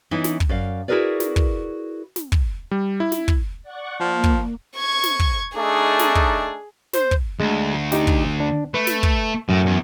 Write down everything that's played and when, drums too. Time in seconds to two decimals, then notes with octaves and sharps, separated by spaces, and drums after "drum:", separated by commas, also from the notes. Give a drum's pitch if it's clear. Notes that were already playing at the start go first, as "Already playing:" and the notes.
0.11 E3 B3 C#4 D#4 E4
0.24 drum: snare
0.40 drum: kick
0.49 F#2 D5 F5
0.88 E4 F#4 G#4 A#4 B4 D5
1.20 drum: snare
1.36 drum: kick
2.16 drum: snare
2.32 drum: kick
2.71 G3
3.00 E4
3.12 drum: snare
3.28 drum: kick
3.63 D5 F#5 C#6
4.00 F3 A#3
4.24 drum: kick
4.77 C#6 G#6
5.03 drum: snare
5.19 drum: kick
5.56 A3 D4 D#4 G#4
5.99 drum: snare
6.15 drum: kick
6.93 C5, drum: snare
7.11 drum: kick
7.40 D2 G#3
7.92 D#4 G4, drum: snare
8.07 drum: kick
8.40 D4
8.74 A3 B4
8.87 drum: snare
9.03 drum: kick
9.49 F#2 A2
9.66 E2